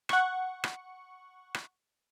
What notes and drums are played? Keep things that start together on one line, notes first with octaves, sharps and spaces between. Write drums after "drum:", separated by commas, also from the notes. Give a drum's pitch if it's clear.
F#5 C#6, drum: rim click
drum: rim click
drum: rim click